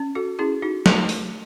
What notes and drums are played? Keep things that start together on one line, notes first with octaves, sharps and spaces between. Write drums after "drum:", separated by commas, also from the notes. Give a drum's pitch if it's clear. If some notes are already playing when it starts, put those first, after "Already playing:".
Already playing: C#4
F#4 A4
C#4 E4 G#4
D#4 F#4
A3, drum: snare
drum: open hi-hat